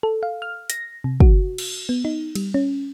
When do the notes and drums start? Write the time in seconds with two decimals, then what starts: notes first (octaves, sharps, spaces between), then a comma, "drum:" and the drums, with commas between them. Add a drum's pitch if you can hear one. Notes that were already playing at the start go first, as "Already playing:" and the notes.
0.03 A4
0.23 F5
0.42 F6
0.70 A#6, drum: hi-hat
1.04 C3
1.20 F#4, drum: kick
1.58 drum: cymbal
1.89 B3
2.05 D#4
2.35 G3, drum: cymbal
2.54 C#4